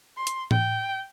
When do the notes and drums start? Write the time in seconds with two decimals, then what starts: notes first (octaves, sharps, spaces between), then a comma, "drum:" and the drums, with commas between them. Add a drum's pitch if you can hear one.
0.17 C6
0.27 drum: hi-hat
0.51 G5, drum: tom A2